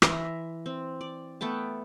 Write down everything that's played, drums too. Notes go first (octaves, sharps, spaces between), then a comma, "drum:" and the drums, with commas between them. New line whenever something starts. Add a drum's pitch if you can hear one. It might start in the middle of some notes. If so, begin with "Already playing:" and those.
E3 E5 A#5 C6, drum: rim click
C4
D5
A3 B3 G5 A5